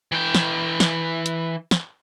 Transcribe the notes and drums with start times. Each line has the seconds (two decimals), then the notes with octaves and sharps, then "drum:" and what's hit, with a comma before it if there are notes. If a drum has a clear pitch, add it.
0.12 E3 G5
0.35 drum: snare
0.80 drum: snare
1.26 drum: hi-hat
1.71 drum: snare